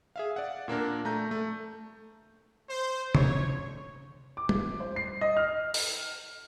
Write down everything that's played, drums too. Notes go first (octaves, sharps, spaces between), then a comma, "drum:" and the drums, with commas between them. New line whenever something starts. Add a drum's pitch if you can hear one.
G#4 E5 F5
D5 F#5
A#2 A#3 D4 A#4
A3 A#5 G6
A3
C5
C#5, drum: tom
D6
drum: tom G3
C5
C7
D#5
F6
drum: open hi-hat